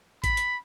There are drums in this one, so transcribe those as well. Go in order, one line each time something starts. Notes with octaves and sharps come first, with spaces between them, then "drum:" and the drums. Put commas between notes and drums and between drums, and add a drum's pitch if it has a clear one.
B5, drum: kick A1, hi-hat
drum: hi-hat